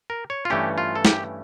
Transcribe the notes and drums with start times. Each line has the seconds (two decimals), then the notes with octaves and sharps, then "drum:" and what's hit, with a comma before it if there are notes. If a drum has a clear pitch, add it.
0.10 A#4
0.30 C#5
0.45 F4
0.50 G2 E3 A3 C#4 G4
0.78 F4
0.96 A4
1.05 G4, drum: snare